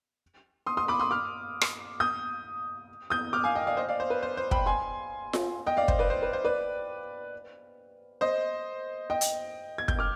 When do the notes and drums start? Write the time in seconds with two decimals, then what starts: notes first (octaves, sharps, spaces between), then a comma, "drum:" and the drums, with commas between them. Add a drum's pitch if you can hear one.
0.66 C6 D#6
0.77 C6 D#6
0.88 B5 D6
1.00 C6 D#6
1.11 D6 F6
1.61 drum: rim click
2.00 D#6 G6
3.10 D#6 G6
3.33 D6 F6
3.44 F5 G#5
3.55 D#5 G5
3.67 D5 F5
3.77 C5 D#5
3.89 D5 F5
4.00 C5
4.10 B4
4.23 C5
4.37 C5
4.51 G5 B5, drum: kick
4.66 G#5 C6
5.33 drum: snare F4
5.66 D#5 G5
5.77 D5 F5
5.88 C5, drum: kick
5.99 B4 D5
6.10 C5
6.22 B4
6.33 C5
6.45 B4 D5
8.21 C5 D#5
9.10 D#5 G5
9.21 drum: hi-hat
9.78 G#6
9.88 G6, drum: kick
9.99 D6 F6